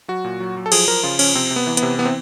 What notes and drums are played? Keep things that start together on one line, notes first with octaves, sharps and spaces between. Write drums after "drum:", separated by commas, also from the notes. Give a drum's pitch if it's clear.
F#3 F#4
A#2
F#3
F#3
A4
F3 G#4, drum: cymbal
F3 A#4
C#3 F4
F3 C#4, drum: cymbal
C3 C4
C3
B3
E3
B3, drum: hi-hat
C3
E3 B3
C4